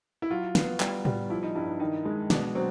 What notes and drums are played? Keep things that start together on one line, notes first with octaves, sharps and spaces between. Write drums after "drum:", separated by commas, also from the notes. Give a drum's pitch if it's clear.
E4
F#3 F4
B3, drum: snare
G3, drum: clap
G3, drum: tom A2
F3 E4
D#4
G2 E4
D#4
D#3 D#4
G#3
B2 D4, drum: snare
F#3 C4